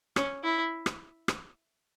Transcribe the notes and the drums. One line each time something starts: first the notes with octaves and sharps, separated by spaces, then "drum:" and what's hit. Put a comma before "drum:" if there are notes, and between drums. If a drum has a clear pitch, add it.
C#4, drum: rim click
E4
drum: rim click
drum: rim click